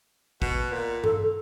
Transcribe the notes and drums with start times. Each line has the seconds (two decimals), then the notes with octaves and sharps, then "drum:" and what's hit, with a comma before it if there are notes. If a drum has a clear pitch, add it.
0.42 B2, drum: kick
0.72 A#2
1.04 A4, drum: tom G2